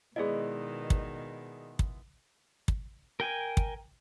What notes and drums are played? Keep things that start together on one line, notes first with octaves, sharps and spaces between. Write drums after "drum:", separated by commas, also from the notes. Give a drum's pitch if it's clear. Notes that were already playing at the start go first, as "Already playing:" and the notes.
B2 D#3 G#3 B3 E4 G#4 D5 D#5
drum: kick
drum: kick
drum: kick
A#4 G5 G#5
drum: kick